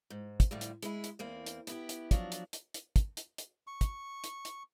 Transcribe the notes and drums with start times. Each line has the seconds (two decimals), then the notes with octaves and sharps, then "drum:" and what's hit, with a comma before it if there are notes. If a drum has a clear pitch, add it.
0.10 G#2
0.40 drum: kick, hi-hat
0.51 F2 A2 D3 G3
0.61 drum: hi-hat
0.83 G#3 E4, drum: hi-hat
1.04 drum: hi-hat
1.19 E2 A#3 C4
1.46 drum: hi-hat
1.67 B3 E4 G4, drum: hi-hat
1.89 drum: hi-hat
2.11 F3 F#3 D4, drum: kick, hi-hat
2.32 drum: hi-hat
2.53 drum: hi-hat
2.74 drum: hi-hat
2.96 drum: kick, hi-hat
3.17 drum: hi-hat
3.38 drum: hi-hat
3.67 C#6
3.81 drum: kick, hi-hat
4.24 drum: hi-hat
4.45 drum: hi-hat